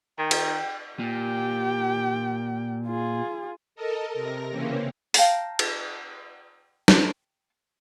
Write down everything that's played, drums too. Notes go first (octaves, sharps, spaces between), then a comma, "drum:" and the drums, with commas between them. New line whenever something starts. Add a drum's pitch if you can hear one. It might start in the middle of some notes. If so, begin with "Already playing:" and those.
D#3 G5
drum: cymbal
A#2 G4 G5
F4 G#4
A4 A#4 D#5 A5
C3 A#4 A#6
C#3 E3 A#3 C4 C#4
F5 G5 A5 A#5, drum: open hi-hat
drum: cymbal
drum: snare